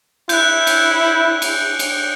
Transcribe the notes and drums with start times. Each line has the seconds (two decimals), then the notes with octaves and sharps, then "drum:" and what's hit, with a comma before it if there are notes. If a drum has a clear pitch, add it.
0.29 E4 F#6 G6, drum: cymbal
0.67 drum: cymbal
1.42 drum: cymbal
1.79 drum: cymbal